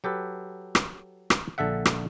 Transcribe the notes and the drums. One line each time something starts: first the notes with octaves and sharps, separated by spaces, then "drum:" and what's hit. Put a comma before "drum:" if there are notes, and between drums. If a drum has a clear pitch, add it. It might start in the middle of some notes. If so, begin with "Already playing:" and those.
F#3 G4 A4 B4
drum: rim click
drum: rim click
A#1 D3 A4 E5 F#5
drum: rim click